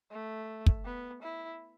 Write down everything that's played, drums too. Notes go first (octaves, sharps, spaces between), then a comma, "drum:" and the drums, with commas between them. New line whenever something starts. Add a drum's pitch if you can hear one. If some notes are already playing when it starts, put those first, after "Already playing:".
A3
drum: kick
B3
E4